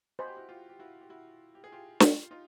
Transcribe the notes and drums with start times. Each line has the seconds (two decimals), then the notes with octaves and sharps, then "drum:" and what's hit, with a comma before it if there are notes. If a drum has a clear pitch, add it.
0.19 F#4 C5 D#5 G#5 B5
0.27 G4
0.37 E4 F#4
0.49 F4 G4
0.69 G4
0.79 E4 F#4
1.01 G4
1.10 E4 F#4
1.55 G4
1.64 G#4
1.72 F4 G4
2.00 F4 G4, drum: snare
2.31 D#4 F4